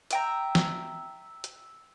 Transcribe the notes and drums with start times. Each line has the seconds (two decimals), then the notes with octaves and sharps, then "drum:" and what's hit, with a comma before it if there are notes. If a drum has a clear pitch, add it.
0.11 E5 G5 A#5, drum: hi-hat
0.55 drum: snare
1.44 drum: hi-hat